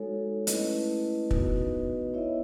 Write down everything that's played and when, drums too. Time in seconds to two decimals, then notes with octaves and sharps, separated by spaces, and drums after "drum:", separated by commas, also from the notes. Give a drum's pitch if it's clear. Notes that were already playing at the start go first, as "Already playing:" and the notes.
Already playing: G#3 D#4 F#4 A4 C#5
0.47 A3 C#4 E4 B4 D#5, drum: hi-hat
1.31 B3 D#4 F#4 B4 D#5, drum: kick
2.14 B3 E4 C#5 E5